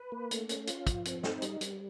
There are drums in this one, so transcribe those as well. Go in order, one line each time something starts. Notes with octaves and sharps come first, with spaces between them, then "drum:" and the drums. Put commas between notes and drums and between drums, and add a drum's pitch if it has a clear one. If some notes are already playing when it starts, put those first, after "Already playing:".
Already playing: B4
A#3
A3, drum: hi-hat
C#4, drum: hi-hat
F4, drum: hi-hat
F3, drum: kick, hi-hat
C4, drum: hi-hat
D#4, drum: snare
G3, drum: hi-hat
G3, drum: hi-hat